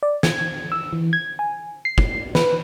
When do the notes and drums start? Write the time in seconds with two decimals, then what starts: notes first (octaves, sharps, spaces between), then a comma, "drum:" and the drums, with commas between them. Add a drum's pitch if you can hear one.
0.03 D5
0.23 G#6, drum: snare
0.72 E6
0.93 E3
1.13 G#6
1.39 G#5
1.85 C7
1.98 drum: kick
2.35 B4, drum: snare